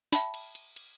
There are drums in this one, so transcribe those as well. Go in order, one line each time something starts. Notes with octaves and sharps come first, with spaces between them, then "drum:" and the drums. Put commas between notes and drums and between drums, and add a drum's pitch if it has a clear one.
E5 G5 A5 B5, drum: snare
drum: cymbal
drum: cymbal
drum: cymbal